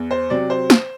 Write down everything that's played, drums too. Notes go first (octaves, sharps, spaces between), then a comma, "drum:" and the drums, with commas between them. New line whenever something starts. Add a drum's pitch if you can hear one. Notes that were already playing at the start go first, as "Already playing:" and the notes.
Already playing: E2
C5
C3 F#3 D5
C5
drum: snare